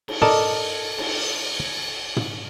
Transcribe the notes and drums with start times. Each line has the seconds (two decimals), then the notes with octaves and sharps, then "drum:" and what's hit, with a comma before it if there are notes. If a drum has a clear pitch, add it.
0.08 drum: cymbal
0.22 A4 A#4 D5 D#5 A5, drum: tom
0.98 drum: cymbal
2.16 drum: tom